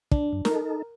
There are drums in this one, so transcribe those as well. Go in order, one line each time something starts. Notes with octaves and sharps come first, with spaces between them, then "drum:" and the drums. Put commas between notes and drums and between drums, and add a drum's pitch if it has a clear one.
D4, drum: kick
F#2
D#4 A4 A#4, drum: snare